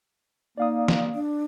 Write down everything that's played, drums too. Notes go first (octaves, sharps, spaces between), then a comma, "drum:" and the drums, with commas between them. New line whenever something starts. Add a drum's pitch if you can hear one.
A#3 D#4 D5 F5 D#6
drum: snare
D4